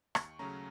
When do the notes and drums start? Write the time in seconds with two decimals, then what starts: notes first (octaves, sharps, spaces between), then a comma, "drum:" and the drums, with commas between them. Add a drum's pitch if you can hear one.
0.15 D#2 C#6, drum: rim click
0.39 C#3 F#3 A3 C#4 A#5